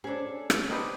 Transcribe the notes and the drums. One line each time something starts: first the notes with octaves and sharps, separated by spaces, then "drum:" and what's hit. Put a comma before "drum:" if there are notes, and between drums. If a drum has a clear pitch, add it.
C#4 D4 G#4 A4
drum: rim click
D#4 G4 B4 C5 D5 A5